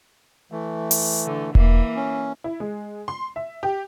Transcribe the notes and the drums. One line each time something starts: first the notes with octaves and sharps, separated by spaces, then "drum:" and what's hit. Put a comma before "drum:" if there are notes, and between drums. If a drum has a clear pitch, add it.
E3 A3
drum: open hi-hat
D3
E3 A#3, drum: kick E1
C#4
E4
G#3
C6
E5
G4